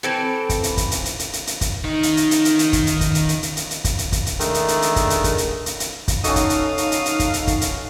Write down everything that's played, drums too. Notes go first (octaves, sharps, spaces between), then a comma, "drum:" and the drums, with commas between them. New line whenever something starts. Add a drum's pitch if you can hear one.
E3 C4 A4
drum: kick, hi-hat
drum: hi-hat
drum: kick, hi-hat
drum: hi-hat
drum: hi-hat
drum: hi-hat
drum: hi-hat
drum: hi-hat
drum: kick, hi-hat
D#3 D#4
drum: hi-hat
drum: hi-hat
drum: hi-hat
drum: hi-hat
drum: hi-hat
drum: kick, hi-hat
drum: hi-hat
drum: kick, hi-hat
drum: hi-hat
drum: hi-hat
drum: hi-hat
drum: hi-hat
drum: hi-hat
drum: kick, hi-hat
drum: hi-hat
drum: kick, hi-hat
drum: hi-hat
D#3 G#3 A3 D4, drum: hi-hat
drum: hi-hat
drum: hi-hat
drum: hi-hat
drum: kick, hi-hat
drum: hi-hat
drum: kick, hi-hat
drum: hi-hat
drum: hi-hat
drum: hi-hat
drum: kick, hi-hat
C#4 D#4 F#4 A4 F5 D#6 C7, drum: hi-hat
drum: kick, hi-hat
drum: hi-hat
drum: hi-hat
drum: hi-hat
drum: hi-hat
drum: kick, hi-hat
drum: hi-hat
drum: kick, hi-hat
drum: hi-hat